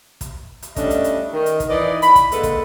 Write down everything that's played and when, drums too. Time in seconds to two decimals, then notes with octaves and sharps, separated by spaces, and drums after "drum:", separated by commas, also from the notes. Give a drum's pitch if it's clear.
0.21 drum: kick, hi-hat
0.62 drum: hi-hat
0.76 G3 A3 C#4 D4 D#5 E5, drum: kick, hi-hat
0.90 drum: hi-hat
1.04 drum: hi-hat
1.33 D#3
1.46 drum: hi-hat
1.60 drum: kick, hi-hat
1.69 E3 D#4 B4 D5 D#5
2.02 B5, drum: hi-hat
2.15 drum: kick, hi-hat
2.32 D3 G#3 A#3 A4 B4, drum: hi-hat
2.43 drum: kick, hi-hat